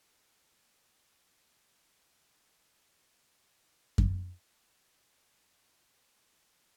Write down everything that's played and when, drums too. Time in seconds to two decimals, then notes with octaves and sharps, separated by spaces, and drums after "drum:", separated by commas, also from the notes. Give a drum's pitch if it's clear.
0.05 B2
0.15 C#3
0.32 D#3
0.51 E3
1.19 F#3
1.36 C#3
1.45 D#3
1.58 D#3
1.70 C#3
1.82 E2
1.87 F#2
2.04 E2
2.30 G#2
2.38 A#2
2.52 F#2
2.56 G#2
3.25 E3
3.42 F#3
3.51 A#3
3.58 G#3
3.98 drum: kick F#2
4.71 E3
4.79 F#3
5.31 A#3